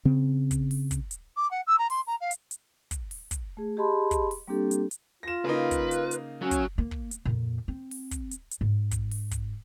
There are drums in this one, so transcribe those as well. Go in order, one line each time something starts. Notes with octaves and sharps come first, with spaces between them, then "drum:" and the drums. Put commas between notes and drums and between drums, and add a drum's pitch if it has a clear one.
C#3 C4
drum: kick, hi-hat
drum: open hi-hat
drum: kick, hi-hat
drum: hi-hat
D6
F#5
E6
A#5
C6, drum: open hi-hat
A#5
F5
drum: hi-hat
drum: hi-hat
drum: kick, hi-hat
drum: open hi-hat
drum: kick, hi-hat
A3 G#4
G4 G#4 D#5 A5 B5 C6
drum: kick, hi-hat
drum: open hi-hat
G3 A#3 C4 D4 G4 A4
drum: hi-hat
drum: hi-hat
F4 A#6 E7
C#3 A#3 D#4 B4
drum: kick, hi-hat
drum: hi-hat
drum: hi-hat
F#3 C#4
drum: kick, hi-hat
A#3
drum: kick
drum: hi-hat
F2 A#2
C4
drum: open hi-hat
drum: kick, hi-hat
drum: hi-hat
drum: hi-hat
G#2
drum: kick, hi-hat
drum: open hi-hat
drum: kick, hi-hat